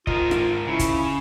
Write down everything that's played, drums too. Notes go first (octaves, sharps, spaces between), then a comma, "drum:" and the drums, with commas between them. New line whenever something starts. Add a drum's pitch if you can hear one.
G#2 F4 A#4 D#5, drum: kick
drum: rim click
C#3 E4
drum: kick, hi-hat